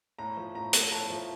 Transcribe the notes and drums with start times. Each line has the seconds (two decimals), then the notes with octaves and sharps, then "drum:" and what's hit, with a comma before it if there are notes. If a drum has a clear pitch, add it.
0.19 A2 A#5
0.37 F3
0.55 A2 A#5
0.73 A3, drum: hi-hat
0.92 A2 A5
1.10 F3